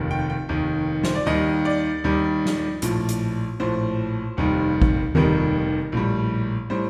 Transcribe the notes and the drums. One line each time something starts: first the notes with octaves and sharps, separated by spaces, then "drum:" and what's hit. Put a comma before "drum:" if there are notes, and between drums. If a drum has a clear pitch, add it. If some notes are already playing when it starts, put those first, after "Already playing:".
Already playing: F1 D#2 D#3
G5
G5
F1 D#2 D#3
C5, drum: snare
D5
D#2 D#3 G3 D#5
D5
D#2 D#3 G3
drum: snare
A#1 A2 F3, drum: hi-hat
drum: hi-hat
A#1 A2 F3 C5
F1 D#2 D#3 G3
drum: kick
F1 D#2 D#3 G3 A#4, drum: tom D#3
A#1 A2 G3
A2 G3 C5